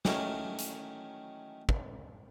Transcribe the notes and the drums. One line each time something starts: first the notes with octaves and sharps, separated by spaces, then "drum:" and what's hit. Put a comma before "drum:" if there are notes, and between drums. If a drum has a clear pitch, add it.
D#3 E3 F#3 A3 C#4, drum: snare
drum: hi-hat
drum: kick